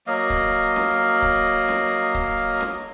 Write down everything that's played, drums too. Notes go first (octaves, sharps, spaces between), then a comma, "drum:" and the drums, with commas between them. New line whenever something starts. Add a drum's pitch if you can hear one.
F#3 A#3 D#5 F5, drum: hi-hat
drum: kick C#1, hi-hat
drum: hi-hat
drum: snare C#4
drum: hi-hat
drum: kick C#1, hi-hat
drum: hi-hat
drum: snare C#4
drum: hi-hat
drum: kick C#1, hi-hat
drum: hi-hat
drum: snare C#4